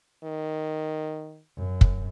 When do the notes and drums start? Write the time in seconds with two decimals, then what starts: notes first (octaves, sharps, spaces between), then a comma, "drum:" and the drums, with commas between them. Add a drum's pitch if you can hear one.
0.24 D#3
1.57 F#2
1.81 drum: kick